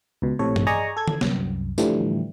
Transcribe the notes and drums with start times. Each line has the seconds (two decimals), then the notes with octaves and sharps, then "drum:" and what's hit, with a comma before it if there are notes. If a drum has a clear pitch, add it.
0.22 C#2 B2
0.39 A#1 A2 C3 A4 C#5
0.56 drum: tom G2
0.67 G#4 D5 D#5 G#5 A#5 C#6
0.97 A4 G#6
1.08 drum: tom D3
1.21 C2 F#2, drum: snare
1.78 A2 D3 E3 F3 G3 A3, drum: tambourine